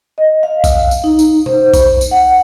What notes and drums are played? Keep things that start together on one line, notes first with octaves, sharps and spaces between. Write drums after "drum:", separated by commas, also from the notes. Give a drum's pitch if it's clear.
D#5
F5
drum: kick B1, tambourine
drum: tambourine
D#4
drum: tambourine
C5, drum: tom B2
drum: kick B1, tambourine
drum: tambourine
F#5